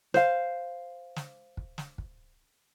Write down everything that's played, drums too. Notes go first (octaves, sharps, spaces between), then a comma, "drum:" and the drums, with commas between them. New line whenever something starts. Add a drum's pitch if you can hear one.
C5 F5, drum: snare
drum: snare
drum: kick
drum: snare
drum: kick